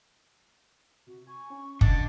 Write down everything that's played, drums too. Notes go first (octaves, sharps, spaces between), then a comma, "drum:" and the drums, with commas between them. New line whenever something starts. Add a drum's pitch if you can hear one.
C3 F#4
G#5 C#6
C#4
D3 D#5 A5 D6, drum: kick